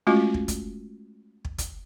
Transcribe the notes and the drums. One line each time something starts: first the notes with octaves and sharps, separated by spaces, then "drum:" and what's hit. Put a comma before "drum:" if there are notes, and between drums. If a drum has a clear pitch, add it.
G#3 A3 C#4 F4 F#4
drum: kick
drum: kick, hi-hat
drum: kick
drum: kick, hi-hat